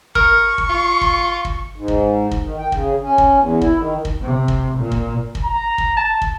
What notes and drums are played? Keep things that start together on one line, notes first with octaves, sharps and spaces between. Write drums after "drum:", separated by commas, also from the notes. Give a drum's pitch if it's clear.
A#4 C#6 F6, drum: kick
drum: kick
F4
drum: kick
drum: kick
G#2
drum: kick
drum: kick
D#3
G5
C#3, drum: kick
C#4
drum: kick
E2
E4, drum: kick
D#3
drum: kick
C3
drum: kick
A#2
drum: kick
drum: kick
A#5
drum: kick
A5
drum: kick